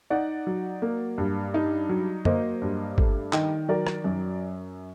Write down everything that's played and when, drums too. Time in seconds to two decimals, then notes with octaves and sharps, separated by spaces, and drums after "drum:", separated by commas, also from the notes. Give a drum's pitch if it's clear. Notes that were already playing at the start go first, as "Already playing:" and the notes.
0.10 D#4 D5 F#5
0.47 F#3
0.82 A#3
1.18 G2
1.54 D#4
1.89 F#3
2.25 A#3 C5 D#5, drum: tom
2.62 G2
2.98 A3, drum: kick G#1
3.33 D#3 D#5 G5, drum: clap
3.68 F#3 A#4 D5
3.87 drum: rim click
4.04 F#2